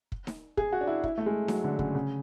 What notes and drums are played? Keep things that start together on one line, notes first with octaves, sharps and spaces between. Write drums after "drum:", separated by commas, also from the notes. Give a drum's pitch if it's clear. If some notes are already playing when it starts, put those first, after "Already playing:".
drum: kick
drum: snare D#4
G#4, drum: kick
F#4
D4
E4
E4, drum: kick
A3
G#3
F#3, drum: snare D#4
D3
C#3, drum: kick
C#3